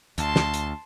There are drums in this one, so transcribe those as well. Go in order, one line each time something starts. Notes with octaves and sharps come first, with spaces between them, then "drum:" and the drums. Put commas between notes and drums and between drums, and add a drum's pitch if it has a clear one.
D2 A5 C6, drum: hi-hat
drum: snare
drum: hi-hat